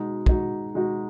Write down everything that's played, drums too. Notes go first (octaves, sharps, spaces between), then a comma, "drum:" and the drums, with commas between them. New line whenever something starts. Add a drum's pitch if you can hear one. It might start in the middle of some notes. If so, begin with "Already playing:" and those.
Already playing: B2 G#3 D#4 F#4
B2 G#3 D#4 F#4, drum: kick
B2 G#3 D#4 F#4